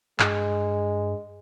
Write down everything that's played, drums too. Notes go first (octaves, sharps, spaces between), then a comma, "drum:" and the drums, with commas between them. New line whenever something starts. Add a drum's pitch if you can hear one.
G2 G#3, drum: clap